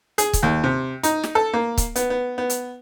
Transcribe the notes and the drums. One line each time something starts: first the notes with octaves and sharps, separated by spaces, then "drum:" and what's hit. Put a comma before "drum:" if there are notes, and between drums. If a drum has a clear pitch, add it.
G#4, drum: hi-hat
drum: kick, hi-hat
D#2
C3
D#4, drum: hi-hat
drum: snare
A4
A#3
drum: kick, hi-hat
B3, drum: hi-hat
B3
B3
drum: hi-hat